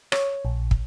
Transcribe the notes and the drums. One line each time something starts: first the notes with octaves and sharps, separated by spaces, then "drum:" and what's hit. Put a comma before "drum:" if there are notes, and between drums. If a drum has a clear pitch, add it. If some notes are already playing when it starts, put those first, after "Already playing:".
C#5, drum: rim click
A#1
drum: kick